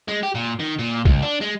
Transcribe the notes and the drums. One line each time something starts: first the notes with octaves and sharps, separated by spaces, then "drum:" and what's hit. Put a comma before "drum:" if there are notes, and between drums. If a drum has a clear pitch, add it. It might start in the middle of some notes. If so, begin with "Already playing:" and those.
G#3
G4
A#2
D#3
A#2
C#2, drum: kick
D4
G#3